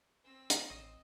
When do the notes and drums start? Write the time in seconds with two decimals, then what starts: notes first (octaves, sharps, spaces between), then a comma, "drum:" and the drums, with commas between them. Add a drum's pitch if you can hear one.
0.24 C4 E6
0.50 drum: hi-hat
0.70 A1 D#5